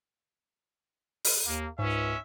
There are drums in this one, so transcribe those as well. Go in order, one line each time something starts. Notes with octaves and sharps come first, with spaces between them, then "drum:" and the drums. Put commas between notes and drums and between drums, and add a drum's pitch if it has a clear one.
drum: open hi-hat
D#2 A#3
C#2 G#2 C#4 E5